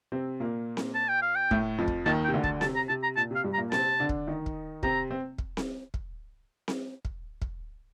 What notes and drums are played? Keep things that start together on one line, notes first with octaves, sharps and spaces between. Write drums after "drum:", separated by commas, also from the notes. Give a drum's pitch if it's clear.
C3 C4
A#2 A#3
drum: snare C4
A5
G5
F5
G5
A2 A3, drum: kick
F2 F3
drum: kick
D#2 D#3 A5
G5
C3
D2 D3
A5, drum: kick
C3 A5, drum: snare C4
A#5
C3 A5
A#5
A#2 A5
C3 F5
G2 G3
A#5
A#2 A#3
C3 C4 A5, drum: snare C4
D3 D4
drum: kick
D#3 D#4
drum: kick
C3 C4 A#5, drum: kick
C4
drum: kick
drum: snare C4
drum: kick
drum: snare C4
drum: kick
drum: kick